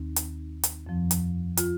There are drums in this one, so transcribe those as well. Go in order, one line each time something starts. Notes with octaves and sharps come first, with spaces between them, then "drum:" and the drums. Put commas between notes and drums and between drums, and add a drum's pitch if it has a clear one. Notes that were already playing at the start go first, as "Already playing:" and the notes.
Already playing: D#2 D#3 C4 D#4
drum: hi-hat
drum: hi-hat
F2 F3 C4
drum: hi-hat
F4, drum: hi-hat